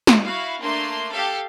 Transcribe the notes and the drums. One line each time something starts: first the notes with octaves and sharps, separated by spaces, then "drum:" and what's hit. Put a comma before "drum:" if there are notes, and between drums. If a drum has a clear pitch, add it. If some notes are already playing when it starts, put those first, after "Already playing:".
drum: snare
E4 F#4 F5
A3 A#3 D4 C6
G4 A4 F5